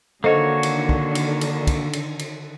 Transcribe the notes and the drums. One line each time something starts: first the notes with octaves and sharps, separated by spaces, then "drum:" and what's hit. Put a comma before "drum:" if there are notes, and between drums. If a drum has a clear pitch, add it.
D3 D#3 A#3 F#4 A4 C5 C#5 D#5
drum: cymbal
drum: kick
drum: cymbal
drum: cymbal
drum: kick, cymbal
drum: cymbal
drum: cymbal